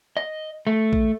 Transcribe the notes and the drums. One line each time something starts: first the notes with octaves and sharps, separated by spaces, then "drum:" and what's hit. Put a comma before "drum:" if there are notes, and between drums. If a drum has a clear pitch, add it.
D#5
A3
drum: kick A#1